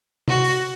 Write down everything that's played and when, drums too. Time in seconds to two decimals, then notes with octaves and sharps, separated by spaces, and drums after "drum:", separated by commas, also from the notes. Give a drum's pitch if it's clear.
0.28 F#4, drum: tom C3
0.44 drum: open hi-hat